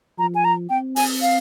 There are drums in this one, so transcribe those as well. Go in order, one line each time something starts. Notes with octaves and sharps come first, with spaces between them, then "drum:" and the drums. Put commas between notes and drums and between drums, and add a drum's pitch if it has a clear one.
F3 A#5
G#5
A#5
C4 G5
G#5, drum: open hi-hat
F5